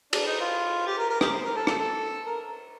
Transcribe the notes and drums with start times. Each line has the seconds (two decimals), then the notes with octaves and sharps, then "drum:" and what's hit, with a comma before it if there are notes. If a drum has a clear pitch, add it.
0.13 D4, drum: cymbal
0.26 D#4
0.40 F4
0.87 G4
0.97 A#4
1.10 A#4
1.21 G4, drum: rim click
1.32 C5
1.45 A#4
1.56 A4
1.67 A4, drum: rim click
1.79 A4
2.26 A#4